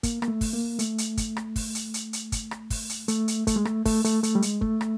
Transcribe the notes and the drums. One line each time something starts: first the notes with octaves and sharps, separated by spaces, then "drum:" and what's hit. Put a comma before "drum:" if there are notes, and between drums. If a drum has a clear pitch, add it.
A#3, drum: kick, hi-hat
A#3, drum: rim click
A3
drum: kick, open hi-hat
A#3
A3, drum: hi-hat
drum: hi-hat
drum: kick, hi-hat
drum: rim click
drum: kick, open hi-hat
drum: hi-hat
drum: hi-hat
drum: hi-hat
drum: kick, hi-hat
drum: rim click
drum: kick, open hi-hat
drum: hi-hat
A3, drum: hi-hat
drum: hi-hat
A3, drum: kick, hi-hat
G#3
A3, drum: rim click
A3, drum: kick, open hi-hat
A3, drum: hi-hat
A3, drum: hi-hat
G3
G#3, drum: hi-hat
A3, drum: kick
drum: rim click